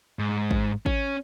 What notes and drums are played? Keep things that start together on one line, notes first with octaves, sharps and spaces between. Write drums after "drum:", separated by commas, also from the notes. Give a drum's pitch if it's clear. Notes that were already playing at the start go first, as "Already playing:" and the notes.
G#2
drum: kick G#1
C#4, drum: kick G#1